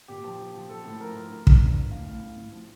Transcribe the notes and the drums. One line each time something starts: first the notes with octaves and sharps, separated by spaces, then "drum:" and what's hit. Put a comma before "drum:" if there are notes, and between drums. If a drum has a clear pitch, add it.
A#2 G4
F3
F3
F3
F3 A4
A2
F3 A#4
F3
F3
G2, drum: kick
G2
G2
A2 F5
A2
A2
A2
F3